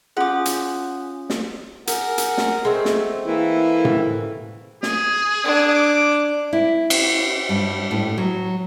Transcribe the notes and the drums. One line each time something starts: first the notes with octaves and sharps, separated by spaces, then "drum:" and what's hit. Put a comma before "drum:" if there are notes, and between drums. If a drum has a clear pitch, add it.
C#4 F4 G#4 F#5 D6
drum: hi-hat
drum: snare
G#4 A#4 F#5, drum: hi-hat
drum: hi-hat
drum: snare
G#3 A3 C4
drum: snare
E3 A#3 E4
drum: tom A2
G#4, drum: snare
D4
D6
E4
drum: cymbal
G2
A2
F#3